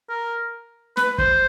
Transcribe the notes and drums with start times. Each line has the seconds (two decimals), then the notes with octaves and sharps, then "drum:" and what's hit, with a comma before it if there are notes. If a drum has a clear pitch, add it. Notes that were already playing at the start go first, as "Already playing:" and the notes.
0.09 A#4
0.97 B4, drum: snare
1.18 C5, drum: kick